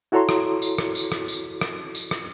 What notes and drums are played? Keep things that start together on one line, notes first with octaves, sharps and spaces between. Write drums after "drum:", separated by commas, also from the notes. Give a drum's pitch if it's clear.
E4 F#4 A4 C#5 A#5 C6
drum: rim click
drum: tambourine
drum: rim click
drum: tambourine
drum: rim click
drum: tambourine
drum: rim click
drum: tambourine
drum: rim click